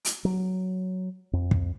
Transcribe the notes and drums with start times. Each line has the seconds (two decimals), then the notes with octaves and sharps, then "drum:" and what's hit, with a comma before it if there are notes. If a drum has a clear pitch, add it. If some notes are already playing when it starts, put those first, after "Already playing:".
0.05 drum: hi-hat
0.25 F#3
1.33 F2
1.51 drum: kick